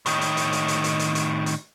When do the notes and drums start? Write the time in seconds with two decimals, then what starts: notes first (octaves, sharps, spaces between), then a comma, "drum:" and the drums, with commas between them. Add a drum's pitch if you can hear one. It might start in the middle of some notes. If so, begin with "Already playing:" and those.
0.06 A2 D#3, drum: hi-hat
0.21 drum: hi-hat
0.37 drum: hi-hat
0.53 drum: hi-hat
0.68 drum: hi-hat
0.84 drum: hi-hat
0.99 drum: hi-hat
1.15 drum: hi-hat
1.46 drum: hi-hat